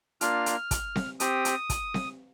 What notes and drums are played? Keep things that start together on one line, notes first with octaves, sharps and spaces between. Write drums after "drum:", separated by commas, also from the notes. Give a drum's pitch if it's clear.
A#3 D4 F4 F6, drum: hi-hat
drum: hi-hat
drum: kick, hi-hat
drum: snare C4
C4 G4 D#6, drum: hi-hat
drum: hi-hat
drum: kick, hi-hat
drum: snare C4